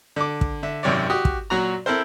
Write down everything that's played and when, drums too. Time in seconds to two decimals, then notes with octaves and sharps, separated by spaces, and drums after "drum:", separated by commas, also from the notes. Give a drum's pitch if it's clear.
0.16 D3 D6
0.41 drum: kick
0.63 D3 E5
0.83 G#1 F#2 C3 C#5 D5
1.10 F#4 G4 D#6
1.25 drum: kick
1.50 A#2 F#3 F#4 A#5
1.86 C4 E4 A4 A#4 C5